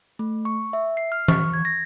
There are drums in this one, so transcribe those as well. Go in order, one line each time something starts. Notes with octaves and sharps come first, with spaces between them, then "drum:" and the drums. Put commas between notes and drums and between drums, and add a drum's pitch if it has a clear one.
A3
C#6
E5
C7
F6
C#6, drum: tom E3
G#6
A#6